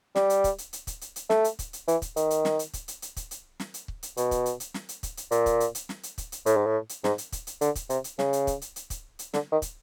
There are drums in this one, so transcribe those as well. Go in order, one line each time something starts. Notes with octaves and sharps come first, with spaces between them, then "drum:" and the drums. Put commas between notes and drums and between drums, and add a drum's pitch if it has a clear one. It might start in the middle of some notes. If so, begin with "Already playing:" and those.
G3, drum: snare
drum: hi-hat
drum: kick, hi-hat
drum: hi-hat
drum: hi-hat
drum: kick, hi-hat
drum: hi-hat
drum: hi-hat
A3, drum: snare
drum: hi-hat
drum: kick, hi-hat
drum: hi-hat
E3, drum: hi-hat
drum: kick, hi-hat
D#3, drum: hi-hat
drum: hi-hat
drum: snare
drum: hi-hat
drum: kick, hi-hat
drum: hi-hat
drum: hi-hat
drum: kick, hi-hat
drum: hi-hat
drum: snare
drum: hi-hat
drum: kick
drum: hi-hat
B2, drum: hi-hat
drum: kick, hi-hat
drum: hi-hat
drum: hi-hat
drum: snare
drum: hi-hat
drum: kick, hi-hat
drum: hi-hat
A#2, drum: hi-hat
drum: kick, hi-hat
drum: hi-hat
drum: hi-hat
drum: snare
drum: hi-hat
drum: kick, hi-hat
drum: hi-hat
A2, drum: hi-hat
G#2
A2
drum: hi-hat
G#2, drum: snare
drum: hi-hat
drum: kick, hi-hat
drum: hi-hat
D3, drum: hi-hat
drum: kick, hi-hat
C3, drum: hi-hat
drum: hi-hat
C#3, drum: snare
drum: hi-hat
drum: kick, hi-hat
drum: hi-hat
drum: hi-hat
drum: kick, hi-hat
drum: hi-hat
D3, drum: snare
D#3
drum: kick, hi-hat